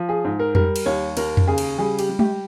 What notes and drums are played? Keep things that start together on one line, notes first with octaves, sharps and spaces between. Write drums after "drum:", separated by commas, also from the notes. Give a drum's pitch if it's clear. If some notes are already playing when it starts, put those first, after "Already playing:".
Already playing: F3
G#4
G#2
A#4
G3 A#4, drum: tom F2
drum: cymbal
D#2 C#5
D#2 A#4, drum: cymbal
drum: tom F2
C#3 G#4
drum: cymbal
G3 G#4
G4, drum: cymbal
G3
G4, drum: tom G#3